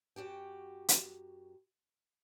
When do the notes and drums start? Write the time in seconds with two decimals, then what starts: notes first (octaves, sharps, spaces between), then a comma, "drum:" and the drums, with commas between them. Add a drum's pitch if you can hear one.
0.16 F#2 F#4 G4 G5
0.89 drum: hi-hat